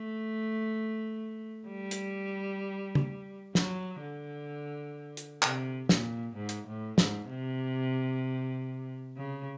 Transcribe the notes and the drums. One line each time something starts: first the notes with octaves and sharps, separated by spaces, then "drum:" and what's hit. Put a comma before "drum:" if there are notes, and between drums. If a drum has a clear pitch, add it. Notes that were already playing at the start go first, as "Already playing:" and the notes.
Already playing: A3
G3
drum: hi-hat
drum: tom C#3
F#3, drum: snare
D3
drum: hi-hat
C3, drum: clap
A#2, drum: snare
G#2
drum: hi-hat
A2
G#2, drum: snare
C3
C#3